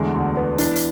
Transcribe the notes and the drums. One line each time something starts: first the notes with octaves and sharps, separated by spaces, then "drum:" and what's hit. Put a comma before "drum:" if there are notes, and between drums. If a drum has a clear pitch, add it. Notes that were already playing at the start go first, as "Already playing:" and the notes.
Already playing: E2 D3 G#3 A3
D2
B3
E3 D4, drum: hi-hat
drum: hi-hat